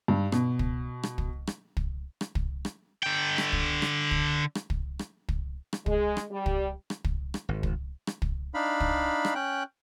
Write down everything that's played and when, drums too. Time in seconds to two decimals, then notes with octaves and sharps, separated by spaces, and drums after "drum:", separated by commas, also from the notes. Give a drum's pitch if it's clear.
0.08 G2
0.32 B2, drum: rim click
0.59 drum: kick
1.03 drum: rim click
1.18 drum: kick
1.47 drum: rim click
1.77 drum: kick
2.21 drum: rim click
2.35 drum: kick
2.65 drum: rim click
3.03 D3 G5
3.38 drum: rim click
3.53 drum: kick
3.82 drum: rim click
4.11 drum: kick
4.55 drum: rim click
4.70 drum: kick
4.99 drum: rim click
5.29 drum: kick
5.73 drum: rim click
5.86 G#3, drum: kick
6.17 drum: rim click
6.30 G3
6.46 drum: kick
6.90 drum: rim click
7.05 drum: kick
7.34 drum: rim click
7.49 G#1
7.63 drum: kick
8.07 drum: rim click
8.22 drum: kick
8.54 D4 D#4 F5 B5
8.81 drum: kick
9.25 drum: rim click
9.35 C#4 G5 F#6